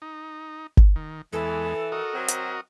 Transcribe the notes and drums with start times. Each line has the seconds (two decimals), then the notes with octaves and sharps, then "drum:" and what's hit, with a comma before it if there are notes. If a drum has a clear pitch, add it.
0.02 D#4
0.77 drum: kick G1
0.96 D#3
1.33 E2 E3 G#3 A4
1.92 F#4 A#4 D#5
2.14 F#3 C4
2.28 drum: hi-hat